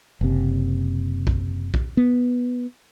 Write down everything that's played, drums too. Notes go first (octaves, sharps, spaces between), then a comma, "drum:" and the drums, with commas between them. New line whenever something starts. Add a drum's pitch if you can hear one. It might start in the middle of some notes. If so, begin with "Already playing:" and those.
F#1 C3
drum: kick B1
drum: kick B1
B3